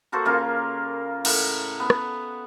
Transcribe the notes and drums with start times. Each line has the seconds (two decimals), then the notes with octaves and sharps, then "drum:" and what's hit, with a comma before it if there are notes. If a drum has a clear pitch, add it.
0.12 A#3 F#4 A4 C5
0.25 C#3 A#3 F4 A#4
1.25 A2 A#4 F#5 B5, drum: cymbal
1.80 B3
1.90 drum: rim click